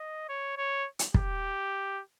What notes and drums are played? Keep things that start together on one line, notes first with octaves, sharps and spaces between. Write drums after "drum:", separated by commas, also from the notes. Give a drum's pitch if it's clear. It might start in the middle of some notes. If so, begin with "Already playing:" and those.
Already playing: D#5
C#5
C#5
drum: hi-hat
G4, drum: kick